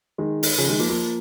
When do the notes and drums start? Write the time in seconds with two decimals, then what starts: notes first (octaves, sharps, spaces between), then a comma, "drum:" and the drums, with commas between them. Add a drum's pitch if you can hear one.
0.18 D#3 G#3
0.43 drum: open hi-hat
0.58 C#3 F3
0.68 D#3 G#3
0.79 F3 A#3
0.89 F3 A#3